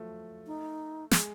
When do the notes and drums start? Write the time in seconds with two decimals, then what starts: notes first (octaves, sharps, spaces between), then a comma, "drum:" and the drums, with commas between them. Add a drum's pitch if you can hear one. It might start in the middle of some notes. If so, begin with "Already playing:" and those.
Already playing: F3 F#3 A3
0.47 D#4
1.11 G#3, drum: snare